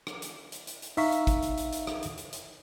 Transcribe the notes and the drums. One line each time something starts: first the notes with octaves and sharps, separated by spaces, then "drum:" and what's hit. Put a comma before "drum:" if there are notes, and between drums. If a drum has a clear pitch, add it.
drum: rim click
drum: hi-hat
drum: hi-hat
drum: hi-hat
drum: hi-hat
D#4 E5 F5 A#5 C#6 B6, drum: open hi-hat
drum: hi-hat
drum: kick, hi-hat
drum: hi-hat
drum: hi-hat
drum: hi-hat
drum: rim click
drum: hi-hat
drum: hi-hat
drum: hi-hat